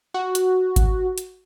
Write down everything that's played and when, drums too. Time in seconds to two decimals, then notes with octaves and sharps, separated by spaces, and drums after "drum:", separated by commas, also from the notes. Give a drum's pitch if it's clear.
0.14 F#4
0.35 drum: hi-hat
0.76 drum: kick G#1, hi-hat
1.18 drum: hi-hat